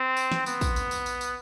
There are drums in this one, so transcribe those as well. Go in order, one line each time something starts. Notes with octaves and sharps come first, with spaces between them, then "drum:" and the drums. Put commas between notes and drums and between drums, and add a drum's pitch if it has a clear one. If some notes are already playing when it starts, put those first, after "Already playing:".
Already playing: C4
drum: tambourine
drum: snare
B3, drum: tambourine
drum: kick, tambourine
drum: tambourine
drum: tambourine
drum: tambourine
drum: tambourine